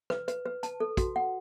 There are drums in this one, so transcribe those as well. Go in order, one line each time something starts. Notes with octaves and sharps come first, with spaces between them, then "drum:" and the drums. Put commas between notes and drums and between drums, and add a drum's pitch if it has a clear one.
B4, drum: rim click
B4, drum: hi-hat
B4
A5, drum: hi-hat
A4
F#4, drum: kick, hi-hat
F#5